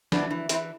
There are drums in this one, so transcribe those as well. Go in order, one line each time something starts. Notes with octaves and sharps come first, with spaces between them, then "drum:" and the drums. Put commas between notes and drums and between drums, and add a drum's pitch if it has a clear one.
E3 B3 D4, drum: snare
E3
E3 C4 E4, drum: hi-hat